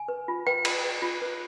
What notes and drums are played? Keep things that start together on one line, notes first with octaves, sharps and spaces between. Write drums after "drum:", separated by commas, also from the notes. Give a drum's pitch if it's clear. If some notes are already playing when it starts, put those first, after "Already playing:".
Already playing: G#5
B4
F4
B4 G5
F4, drum: cymbal
B4
F4
B4